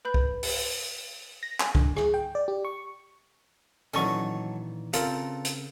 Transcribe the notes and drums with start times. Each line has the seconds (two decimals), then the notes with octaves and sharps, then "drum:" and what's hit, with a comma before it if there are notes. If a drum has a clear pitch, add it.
0.05 B4 B5 G6
0.14 drum: kick C2
0.43 drum: open hi-hat
1.43 A#6
1.60 G#5, drum: clap
1.75 D3, drum: kick C2
1.96 G#4, drum: rim click
2.14 G5
2.35 D5
2.48 G4
2.65 C#6
3.94 A#2 D#3 E3 F#3 C#4 A4 D#5 C#6
4.93 C#3 C4 F4 A4 A#4, drum: hi-hat
5.45 drum: hi-hat